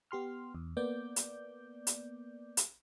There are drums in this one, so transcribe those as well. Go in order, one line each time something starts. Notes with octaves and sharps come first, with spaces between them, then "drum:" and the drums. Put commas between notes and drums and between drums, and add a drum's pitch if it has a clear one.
B3 G4 C6 F6
E2
A#3 B3 D5 D6 G6
drum: hi-hat
drum: hi-hat
drum: hi-hat